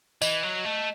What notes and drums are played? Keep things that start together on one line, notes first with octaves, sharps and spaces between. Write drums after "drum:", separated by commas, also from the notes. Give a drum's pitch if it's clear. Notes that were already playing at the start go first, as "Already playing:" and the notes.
E3 D#5, drum: tambourine
F#3
A3